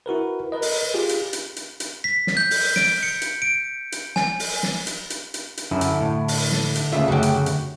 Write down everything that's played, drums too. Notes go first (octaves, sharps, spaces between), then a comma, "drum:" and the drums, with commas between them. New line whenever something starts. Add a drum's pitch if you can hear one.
E4 F#4 A#4 B4
A#4 B4 D#5
drum: open hi-hat
F4 G4 G#4
drum: hi-hat
drum: hi-hat
drum: hi-hat
drum: hi-hat
B6
drum: snare
G6
drum: open hi-hat
D7, drum: snare
C#7
drum: hi-hat
D7
drum: hi-hat
G#5, drum: snare
drum: open hi-hat
drum: snare
drum: hi-hat
drum: hi-hat
drum: hi-hat
drum: hi-hat
F#2 D3 E4
drum: hi-hat
A2
drum: open hi-hat
drum: snare
drum: hi-hat
D2 C#3 F4 E5
F#2 C#3 F#4 G4
drum: hi-hat
drum: hi-hat